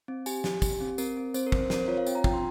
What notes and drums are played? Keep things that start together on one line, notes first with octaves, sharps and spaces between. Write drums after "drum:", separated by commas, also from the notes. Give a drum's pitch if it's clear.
C4
G4 G#5, drum: tambourine
G4, drum: snare
G4, drum: kick, tambourine
C4
C4 A#4, drum: tambourine
C4
C4 C5, drum: tambourine
A#4
C4, drum: kick
C5
C4 A#4, drum: snare
C5
F4 C#5
F5
C4 G5, drum: tambourine
A#5
F4 G5, drum: kick
C6